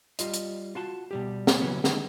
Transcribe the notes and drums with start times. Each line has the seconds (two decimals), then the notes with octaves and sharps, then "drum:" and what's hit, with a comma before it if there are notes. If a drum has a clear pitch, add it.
0.19 G3 F4 D#5, drum: hi-hat
0.34 drum: hi-hat
0.75 F4 F#4 A5 C6
1.11 B2 G3 G4
1.47 drum: snare
1.61 C#3 E3 F#3 B3 C#4
1.84 D3 D#3 G#3 B3, drum: snare